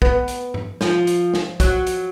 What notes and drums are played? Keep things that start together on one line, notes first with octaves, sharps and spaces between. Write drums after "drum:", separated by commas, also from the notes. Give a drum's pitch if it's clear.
B3, drum: kick
drum: hi-hat
drum: tom G2
F3, drum: snare
drum: hi-hat
drum: snare
F#3, drum: kick, hi-hat
drum: hi-hat